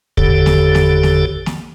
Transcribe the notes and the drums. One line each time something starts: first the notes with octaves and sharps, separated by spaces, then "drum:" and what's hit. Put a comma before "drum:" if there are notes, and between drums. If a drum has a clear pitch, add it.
F#1 E2 D3 G4 A4, drum: kick
drum: snare
drum: snare
drum: snare
drum: snare